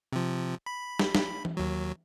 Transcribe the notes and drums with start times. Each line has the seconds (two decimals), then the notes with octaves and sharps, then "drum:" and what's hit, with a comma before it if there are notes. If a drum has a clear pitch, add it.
0.13 C3 F3
0.66 B5
0.99 drum: snare
1.15 drum: snare
1.45 drum: tom E3
1.57 D#2 F#3